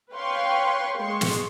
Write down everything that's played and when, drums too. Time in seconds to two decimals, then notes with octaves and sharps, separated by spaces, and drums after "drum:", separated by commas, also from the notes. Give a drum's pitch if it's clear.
0.12 B4 C#5 F5 G5 C6 C#6
0.99 G#3 C6 C#6
1.21 drum: snare